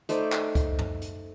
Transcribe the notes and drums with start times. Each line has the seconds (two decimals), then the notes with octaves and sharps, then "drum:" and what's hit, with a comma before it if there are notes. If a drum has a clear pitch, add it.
0.09 A3 D#4 C5 D5, drum: hi-hat
0.32 drum: clap
0.55 drum: kick C#2, hi-hat
0.79 drum: tom
1.02 drum: hi-hat